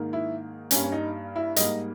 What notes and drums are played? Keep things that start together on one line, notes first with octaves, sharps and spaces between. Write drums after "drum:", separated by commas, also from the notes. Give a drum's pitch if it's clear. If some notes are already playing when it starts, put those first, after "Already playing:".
Already playing: G#2 D#3 A#3
E4
G2 G3 A#3 C#4, drum: hi-hat
C#4
D#4
E4
G#2 G3 A#3 D#5, drum: hi-hat